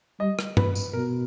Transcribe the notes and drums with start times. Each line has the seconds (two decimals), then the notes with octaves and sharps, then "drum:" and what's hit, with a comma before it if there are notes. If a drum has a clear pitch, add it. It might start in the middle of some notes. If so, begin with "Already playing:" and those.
0.20 G3 D#5
0.39 drum: rim click
0.57 A#2 B4, drum: tom G2
0.75 drum: tambourine
0.93 B2 A#4